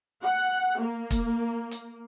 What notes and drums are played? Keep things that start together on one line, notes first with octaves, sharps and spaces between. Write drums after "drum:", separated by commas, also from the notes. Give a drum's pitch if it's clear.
F#5
A#3
drum: kick, hi-hat
drum: hi-hat